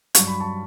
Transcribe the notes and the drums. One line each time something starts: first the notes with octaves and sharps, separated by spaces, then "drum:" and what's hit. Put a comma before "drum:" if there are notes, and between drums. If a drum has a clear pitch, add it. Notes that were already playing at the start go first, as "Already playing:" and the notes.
G2 F#3 C#6, drum: hi-hat
B5
A5 C#6